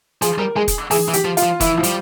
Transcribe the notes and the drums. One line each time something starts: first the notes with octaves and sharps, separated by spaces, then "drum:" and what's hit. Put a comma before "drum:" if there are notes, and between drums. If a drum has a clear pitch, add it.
F3 G#4, drum: hi-hat
G3 A#4
G#3 G#4
drum: kick, hi-hat
E3 G#4, drum: open hi-hat
E3
G4, drum: hi-hat
F3
F4, drum: hi-hat
F3
E3 E4, drum: kick, hi-hat
F3
G3, drum: hi-hat